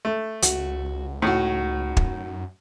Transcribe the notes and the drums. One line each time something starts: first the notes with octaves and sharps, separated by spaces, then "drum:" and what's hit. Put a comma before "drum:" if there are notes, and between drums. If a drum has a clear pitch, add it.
A3
C#2 F#4, drum: hi-hat
A2 D#4 F#4
F#2, drum: kick